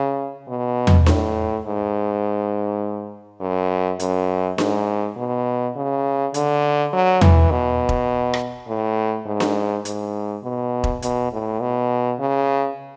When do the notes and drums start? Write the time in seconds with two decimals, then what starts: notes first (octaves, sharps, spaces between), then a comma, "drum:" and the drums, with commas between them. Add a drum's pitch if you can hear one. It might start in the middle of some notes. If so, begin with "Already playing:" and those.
Already playing: C#3
0.48 B2
0.87 drum: tom E2
1.06 A2, drum: snare D4
1.65 G#2
3.40 F#2
4.00 F#2, drum: hi-hat
4.58 G#2, drum: snare D4
5.17 B2
5.76 C#3
6.34 D3, drum: hi-hat
6.93 F#3
7.21 E3, drum: tom E2
7.51 B2
7.89 drum: kick E1
8.34 drum: rim click
8.68 A2
9.26 G#2
9.40 drum: snare D4
9.85 G#2, drum: hi-hat
10.43 B2
10.84 drum: kick E1
11.02 B2, drum: hi-hat
11.32 A2
11.61 B2
12.20 C#3